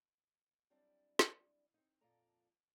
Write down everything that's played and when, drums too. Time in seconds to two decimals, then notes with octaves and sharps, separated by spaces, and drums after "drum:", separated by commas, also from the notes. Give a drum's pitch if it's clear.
0.70 F#3 G3 C4 D4 E4 D5
1.19 drum: snare
1.74 C4 D#4
2.01 F2 A#2 F3 A4 D5 A#5